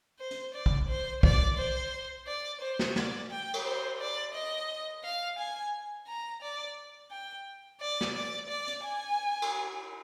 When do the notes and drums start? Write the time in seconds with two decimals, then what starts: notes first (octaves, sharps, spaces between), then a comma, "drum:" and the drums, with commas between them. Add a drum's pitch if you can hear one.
0.19 C5
0.31 drum: hi-hat
0.54 D5
0.66 drum: kick
0.89 C5
1.23 D5, drum: kick
1.57 C5
2.27 D5
2.61 C5
2.79 drum: snare
2.96 D5, drum: snare
3.31 G5
3.54 drum: cymbal
3.65 C5
4.00 D5
4.34 D#5
5.04 F5
5.38 G#5
6.07 A#5
6.42 D5
7.11 G5
7.81 D5
8.01 drum: snare
8.15 D5
8.48 D5
8.67 drum: hi-hat
8.83 G#5
9.42 drum: cymbal